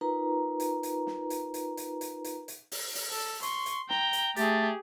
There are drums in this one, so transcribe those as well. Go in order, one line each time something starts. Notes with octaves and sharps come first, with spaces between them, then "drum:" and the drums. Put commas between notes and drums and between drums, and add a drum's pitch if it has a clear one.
D#4 F4 A#4 B4 A#5
drum: hi-hat
drum: hi-hat
drum: snare
drum: hi-hat
drum: hi-hat
drum: hi-hat
drum: hi-hat
drum: hi-hat
drum: hi-hat
drum: open hi-hat
drum: open hi-hat
A4
C6 C#6, drum: hi-hat
drum: hi-hat
G5 A#5 G7, drum: snare
drum: hi-hat
A3 G4 G#4 A6, drum: hi-hat